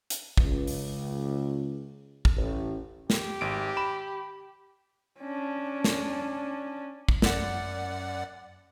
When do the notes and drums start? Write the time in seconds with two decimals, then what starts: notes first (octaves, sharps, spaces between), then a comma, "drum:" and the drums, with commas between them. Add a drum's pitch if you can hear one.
0.10 drum: hi-hat
0.37 C#2, drum: kick
0.67 drum: open hi-hat
2.25 drum: kick
2.36 A1
3.10 G4, drum: snare
3.41 G#1 D7
3.77 B5 E7
5.21 C#4 D4
5.84 drum: snare
7.09 drum: kick
7.22 F#2 D5 F#5, drum: snare